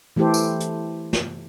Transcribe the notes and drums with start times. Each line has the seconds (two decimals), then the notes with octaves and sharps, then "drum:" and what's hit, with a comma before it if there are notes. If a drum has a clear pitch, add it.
0.16 E3 A3 E4 G4 A4 C5
0.34 drum: tambourine
0.60 drum: hi-hat
1.13 drum: snare